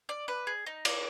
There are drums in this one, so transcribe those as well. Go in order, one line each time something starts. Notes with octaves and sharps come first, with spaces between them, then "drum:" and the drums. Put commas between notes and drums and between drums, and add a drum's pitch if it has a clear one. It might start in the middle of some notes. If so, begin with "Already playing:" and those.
D5
B4
G#4
D#4
D5, drum: cymbal